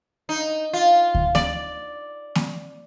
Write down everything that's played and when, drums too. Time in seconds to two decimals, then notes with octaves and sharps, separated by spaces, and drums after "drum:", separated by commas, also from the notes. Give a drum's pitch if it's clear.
0.29 D#4
0.73 F4
1.15 drum: kick D2
1.35 D5, drum: snare A#3
2.35 drum: snare A#3